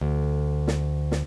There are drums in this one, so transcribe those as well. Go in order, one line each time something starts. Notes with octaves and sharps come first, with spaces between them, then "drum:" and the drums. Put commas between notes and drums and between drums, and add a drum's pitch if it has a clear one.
D2
drum: snare
drum: snare